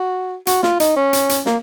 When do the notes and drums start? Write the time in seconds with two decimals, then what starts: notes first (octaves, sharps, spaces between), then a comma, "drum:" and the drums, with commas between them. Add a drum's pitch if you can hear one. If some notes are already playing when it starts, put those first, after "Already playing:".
Already playing: F#4
0.47 F#4, drum: hi-hat
0.63 F4, drum: snare
0.80 D#4, drum: hi-hat
0.96 C#4
1.13 drum: hi-hat
1.29 drum: hi-hat
1.46 A#3, drum: snare